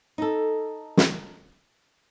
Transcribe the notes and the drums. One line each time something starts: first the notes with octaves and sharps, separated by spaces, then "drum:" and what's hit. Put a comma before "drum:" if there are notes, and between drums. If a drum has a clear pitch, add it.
D#4 A4
drum: snare